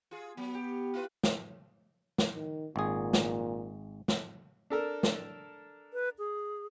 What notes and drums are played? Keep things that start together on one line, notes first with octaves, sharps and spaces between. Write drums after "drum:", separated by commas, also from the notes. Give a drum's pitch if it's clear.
F4 G#4
F#3 B3
G4
E4 F4 B4
drum: snare
drum: snare
D#3
G#1 A#2 G#4
drum: snare
drum: snare
D4 A4 A#4
drum: snare
B4
G#4